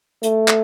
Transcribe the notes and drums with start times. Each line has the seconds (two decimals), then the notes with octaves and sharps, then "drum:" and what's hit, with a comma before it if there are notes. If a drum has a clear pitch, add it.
0.23 A3, drum: hi-hat
0.48 drum: clap